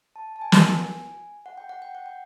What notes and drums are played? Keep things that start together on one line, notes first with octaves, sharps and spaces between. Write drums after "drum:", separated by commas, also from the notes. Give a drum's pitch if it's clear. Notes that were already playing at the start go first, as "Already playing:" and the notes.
A5
A5
G#5
drum: snare
F#5
G5
F#5
G5
F#5
G5